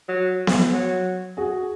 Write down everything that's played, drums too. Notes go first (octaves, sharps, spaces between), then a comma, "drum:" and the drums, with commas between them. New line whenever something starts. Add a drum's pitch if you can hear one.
F#3
drum: snare B3
F#3
F#4 G#4